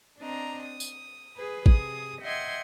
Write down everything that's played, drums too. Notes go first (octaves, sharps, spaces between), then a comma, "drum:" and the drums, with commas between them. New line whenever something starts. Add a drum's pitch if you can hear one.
C4 D4 D#5 A#5
D#6
drum: tambourine
G#4 B4
C3 G#4 D#6, drum: kick
D#5 E5 F#5 G5 C6 G#6